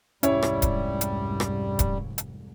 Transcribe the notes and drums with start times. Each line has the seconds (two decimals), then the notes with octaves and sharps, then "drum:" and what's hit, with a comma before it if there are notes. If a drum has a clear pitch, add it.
0.23 F1 C2 G#2 G3 C#4 E4 C#5, drum: hi-hat
0.43 drum: rim click
0.62 drum: kick D1, hi-hat
1.01 drum: hi-hat
1.40 drum: rim click
1.79 drum: kick D1, hi-hat
2.18 drum: hi-hat